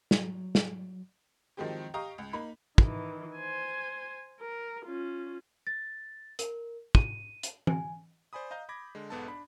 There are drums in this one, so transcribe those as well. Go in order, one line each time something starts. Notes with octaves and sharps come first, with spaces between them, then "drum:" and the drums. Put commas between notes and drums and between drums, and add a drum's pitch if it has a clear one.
F#3, drum: snare
drum: snare
D#3 F3 F#3 G#3 C4 G4
G4 D#5 F5 A#5 C#6 D#6
C#2
A#3 D#4 B5
D#3 E3, drum: kick
C5 G#5
A#4
C#4 F4
A6
A#4, drum: hi-hat
D#7, drum: kick
drum: hi-hat
G#5, drum: tom E3
C5 D5 G#5 B5 D#6
D#5 F5 A#5 G6
B5 D6 G#6 A#6
D3 G#3
B1 G#2 B3 A4 A5
D4 B5